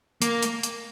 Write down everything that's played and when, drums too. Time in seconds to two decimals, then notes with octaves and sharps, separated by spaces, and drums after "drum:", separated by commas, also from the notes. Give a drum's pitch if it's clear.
0.22 A#3, drum: hi-hat
0.43 drum: hi-hat
0.63 drum: hi-hat